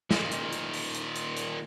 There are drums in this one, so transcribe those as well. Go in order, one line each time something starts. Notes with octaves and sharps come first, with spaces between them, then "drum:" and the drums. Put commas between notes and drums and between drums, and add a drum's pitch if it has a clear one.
A#2 D#3, drum: snare
drum: hi-hat
drum: hi-hat
drum: open hi-hat
drum: hi-hat
drum: hi-hat
drum: hi-hat